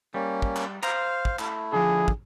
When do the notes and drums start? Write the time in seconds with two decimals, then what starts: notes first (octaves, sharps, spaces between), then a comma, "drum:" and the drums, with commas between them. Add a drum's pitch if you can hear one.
0.14 G3 A#3 C#4
0.42 drum: kick
0.56 drum: clap
0.83 C5 F5 A#5, drum: clap
1.25 drum: kick
1.39 A3 E4, drum: clap
1.73 D3 F3 G#4
2.08 drum: kick